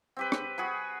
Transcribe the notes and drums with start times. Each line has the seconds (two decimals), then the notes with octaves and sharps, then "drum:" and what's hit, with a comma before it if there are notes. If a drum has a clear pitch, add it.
0.17 C4 G4 B4
0.32 drum: rim click
0.58 F#4 G#4 F#5 B5